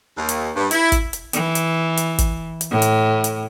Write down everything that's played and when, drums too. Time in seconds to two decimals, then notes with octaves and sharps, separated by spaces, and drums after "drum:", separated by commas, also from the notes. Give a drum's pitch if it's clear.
0.16 D#2
0.29 drum: hi-hat
0.56 G2
0.71 E4, drum: hi-hat
0.92 drum: kick, hi-hat
1.13 drum: hi-hat
1.33 E3, drum: hi-hat
1.55 drum: hi-hat
1.97 drum: hi-hat
2.19 drum: kick, hi-hat
2.61 drum: hi-hat
2.71 A2
2.82 drum: hi-hat
3.24 drum: hi-hat